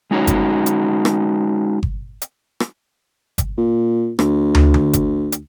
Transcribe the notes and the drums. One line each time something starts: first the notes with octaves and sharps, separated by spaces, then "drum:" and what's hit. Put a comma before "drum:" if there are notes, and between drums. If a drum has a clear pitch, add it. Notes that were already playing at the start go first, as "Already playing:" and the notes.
G#3 C#4 D#4 F#4 C#5
drum: kick G1, hi-hat
drum: hi-hat
drum: rim click
drum: kick G1
drum: hi-hat
drum: rim click
drum: kick G1, hi-hat
A#2
D2, drum: rim click
drum: tom
drum: tom D3
drum: kick G1, hi-hat
drum: hi-hat